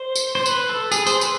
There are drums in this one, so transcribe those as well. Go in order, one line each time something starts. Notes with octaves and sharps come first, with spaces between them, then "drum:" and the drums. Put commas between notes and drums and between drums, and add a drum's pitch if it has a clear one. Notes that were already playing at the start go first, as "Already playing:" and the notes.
Already playing: C5
drum: tambourine
C5
B4, drum: tambourine
A4
G#4, drum: tambourine
C5, drum: tambourine
B4, drum: tambourine